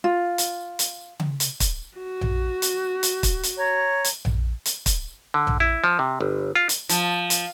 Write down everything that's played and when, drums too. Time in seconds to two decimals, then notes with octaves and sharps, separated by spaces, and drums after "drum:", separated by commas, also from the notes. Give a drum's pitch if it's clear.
0.04 F4
0.38 drum: hi-hat
0.79 drum: hi-hat
1.20 drum: tom C#3
1.40 drum: hi-hat
1.60 drum: kick, hi-hat
1.97 F#4
2.21 drum: tom A#1
2.62 drum: hi-hat
3.03 drum: hi-hat
3.23 drum: kick, hi-hat
3.43 drum: hi-hat
3.56 C#5 A#5
4.04 drum: hi-hat
4.25 drum: tom A#1
4.65 drum: hi-hat
4.86 drum: kick, hi-hat
5.34 D3
5.47 drum: tom A#1
5.60 E4
5.84 F3
5.99 C3
6.21 G1
6.55 F4
6.69 drum: hi-hat
6.89 F3, drum: hi-hat
7.30 drum: hi-hat